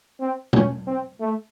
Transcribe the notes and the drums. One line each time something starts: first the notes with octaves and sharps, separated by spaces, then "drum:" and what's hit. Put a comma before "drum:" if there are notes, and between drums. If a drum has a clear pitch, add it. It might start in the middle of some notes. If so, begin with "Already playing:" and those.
C4
C#4, drum: tom
C4
A3